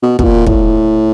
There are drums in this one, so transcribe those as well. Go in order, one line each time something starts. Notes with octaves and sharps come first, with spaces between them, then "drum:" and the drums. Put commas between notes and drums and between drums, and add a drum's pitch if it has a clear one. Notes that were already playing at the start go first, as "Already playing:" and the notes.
B2
B2, drum: kick
A#2
A2, drum: kick